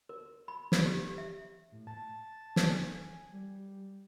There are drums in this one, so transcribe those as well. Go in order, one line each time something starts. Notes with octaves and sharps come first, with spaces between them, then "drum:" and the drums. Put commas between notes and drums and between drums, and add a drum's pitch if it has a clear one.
A#4
B5
drum: snare
G4
E5
A2
A5
drum: snare
G#5
G3